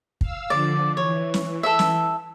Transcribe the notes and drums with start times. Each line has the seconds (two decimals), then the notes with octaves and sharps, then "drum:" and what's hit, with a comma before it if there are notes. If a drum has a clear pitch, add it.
0.21 F5 E6, drum: kick
0.50 D3 F3 D5
0.97 E3 C#5
1.34 drum: snare
1.63 A4 E5
1.79 drum: snare